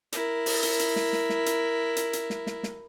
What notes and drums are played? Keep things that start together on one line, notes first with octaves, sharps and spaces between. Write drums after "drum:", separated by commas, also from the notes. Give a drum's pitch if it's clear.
E4 A#4, drum: hi-hat
drum: open hi-hat
drum: hi-hat
drum: hi-hat
drum: snare
drum: snare
drum: snare
drum: hi-hat
drum: hi-hat
drum: hi-hat
drum: snare
drum: snare
drum: snare